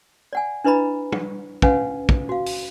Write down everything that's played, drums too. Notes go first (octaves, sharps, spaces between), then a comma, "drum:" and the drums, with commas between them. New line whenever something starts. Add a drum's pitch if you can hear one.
D5 F#5 G#5
D4 E4 B4 D#5 A#5 B5
drum: tom
C#4 B4 F5 F#5 G#5, drum: kick
drum: kick
F#4 F5
drum: open hi-hat